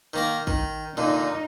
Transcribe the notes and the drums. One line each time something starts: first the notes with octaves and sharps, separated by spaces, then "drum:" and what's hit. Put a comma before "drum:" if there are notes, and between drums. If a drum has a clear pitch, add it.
D#3 A#3 A#4
D#3, drum: kick
A#2 D3 D#4